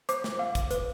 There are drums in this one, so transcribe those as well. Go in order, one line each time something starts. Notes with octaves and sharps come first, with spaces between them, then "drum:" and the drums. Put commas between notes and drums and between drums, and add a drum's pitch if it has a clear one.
C5 D6, drum: hi-hat
drum: snare
F5
drum: kick, hi-hat
B4, drum: hi-hat